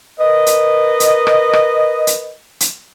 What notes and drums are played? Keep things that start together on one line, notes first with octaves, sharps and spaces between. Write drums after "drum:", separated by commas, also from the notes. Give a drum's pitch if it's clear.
A#4 B4 D#5
drum: hi-hat
drum: hi-hat
drum: rim click
drum: rim click
drum: hi-hat
drum: hi-hat